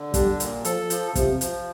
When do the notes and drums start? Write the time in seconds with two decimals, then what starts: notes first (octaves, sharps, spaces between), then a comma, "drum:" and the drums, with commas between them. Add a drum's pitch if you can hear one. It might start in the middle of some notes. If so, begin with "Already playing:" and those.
Already playing: D3
0.14 G3 D4, drum: kick, hi-hat
0.40 A#2, drum: hi-hat
0.65 F3 A4, drum: hi-hat
0.90 F3, drum: hi-hat
1.15 C3 F3, drum: kick, hi-hat
1.41 F3, drum: hi-hat